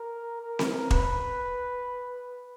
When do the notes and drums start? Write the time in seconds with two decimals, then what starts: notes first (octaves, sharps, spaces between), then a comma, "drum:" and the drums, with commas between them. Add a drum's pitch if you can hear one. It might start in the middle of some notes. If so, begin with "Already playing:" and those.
Already playing: A#4
0.41 A#4
0.59 drum: snare C4
0.91 B4, drum: kick E1